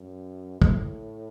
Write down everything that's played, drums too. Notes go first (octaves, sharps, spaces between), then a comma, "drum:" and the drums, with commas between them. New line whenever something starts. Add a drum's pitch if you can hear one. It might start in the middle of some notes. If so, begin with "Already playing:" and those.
Already playing: F#2
A2, drum: kick